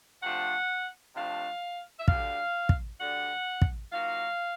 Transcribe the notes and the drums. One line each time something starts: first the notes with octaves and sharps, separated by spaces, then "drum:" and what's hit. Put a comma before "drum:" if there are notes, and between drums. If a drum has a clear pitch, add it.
C3 F3 A3 D4 F#5
C3 F3 A3 D4 F5
E5
D2 D3 G3 F5, drum: kick
drum: kick
D2 D3 G3 F#5
drum: kick
A#2 F#3 A#3 D#4 F5